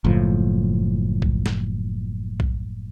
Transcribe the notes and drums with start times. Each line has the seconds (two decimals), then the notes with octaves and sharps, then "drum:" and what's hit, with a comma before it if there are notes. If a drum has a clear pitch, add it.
0.04 F#1 A2 F3
1.22 drum: kick B1
1.46 drum: snare
2.40 drum: kick B1